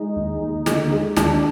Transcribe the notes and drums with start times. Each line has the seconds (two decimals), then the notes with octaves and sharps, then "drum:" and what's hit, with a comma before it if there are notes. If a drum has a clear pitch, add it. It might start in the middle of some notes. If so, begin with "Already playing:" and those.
Already playing: G#3 D#4
0.16 D#2
0.42 D#2
0.66 D3, drum: snare
0.92 G#3
1.17 D#2 D4, drum: snare